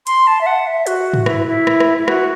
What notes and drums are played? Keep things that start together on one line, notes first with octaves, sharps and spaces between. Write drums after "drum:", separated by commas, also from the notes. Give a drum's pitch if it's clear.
C6, drum: hi-hat
A5
E5
F#5
E5
F#4, drum: hi-hat
drum: tom
E4, drum: rim click
E4
drum: rim click
drum: rim click
E4
F#4, drum: rim click